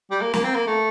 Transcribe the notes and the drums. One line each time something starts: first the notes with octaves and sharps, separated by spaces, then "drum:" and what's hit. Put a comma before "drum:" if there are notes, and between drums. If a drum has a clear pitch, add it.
G3
A#3
A#3, drum: snare
C4
A#3
A3